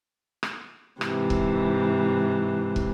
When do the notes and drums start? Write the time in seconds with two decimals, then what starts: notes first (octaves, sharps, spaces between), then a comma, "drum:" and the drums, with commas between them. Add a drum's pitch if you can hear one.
0.43 drum: rim click
1.01 G#2 C3 E3, drum: rim click
1.30 drum: kick
2.76 drum: kick